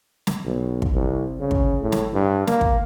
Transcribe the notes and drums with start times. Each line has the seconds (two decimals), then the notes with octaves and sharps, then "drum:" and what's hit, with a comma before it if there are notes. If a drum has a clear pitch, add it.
0.27 drum: snare
0.45 B1
0.82 drum: kick
0.93 C2
1.40 C#3
1.51 drum: kick
1.81 A2
1.92 drum: snare
2.13 G2
2.47 A#3, drum: snare
2.61 drum: kick